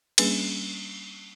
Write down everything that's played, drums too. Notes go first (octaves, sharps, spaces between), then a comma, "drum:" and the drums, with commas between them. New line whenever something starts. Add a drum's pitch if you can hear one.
G3 A#3 C#4 D4 G#4 B4, drum: cymbal